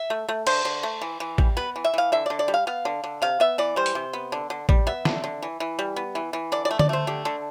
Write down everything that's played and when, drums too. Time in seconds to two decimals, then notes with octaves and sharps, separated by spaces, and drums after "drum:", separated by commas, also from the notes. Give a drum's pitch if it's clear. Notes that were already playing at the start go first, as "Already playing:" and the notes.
Already playing: E5
0.10 A3
0.29 A3
0.47 D3 C5, drum: cymbal
0.65 D3
0.83 A3
1.02 E3
1.20 E3
1.38 G3, drum: kick A1
1.57 B3 B4
1.76 E3
1.84 E5
1.94 E3 F5
2.12 D3 E5
2.26 D3 D5
2.39 D5
2.48 G3
2.54 F5
2.67 B3 F5
2.85 D3
3.04 D3
3.22 C3 F5
3.40 B3 E5
3.58 E3 D5
3.76 G3 C5
3.86 drum: hi-hat
3.95 C3
4.13 B3
4.32 D3
4.50 D3
4.69 G3, drum: kick A1
4.87 B3 E5
5.05 D3, drum: snare
5.24 D3
5.42 E3
5.60 E3
5.79 G3
5.96 B3
6.15 E3
6.33 E3
6.52 D3 D5
6.65 D5
6.71 A3
6.79 D5, drum: tom D3
6.89 A3 C5
7.07 D3 G4
7.25 D3 A4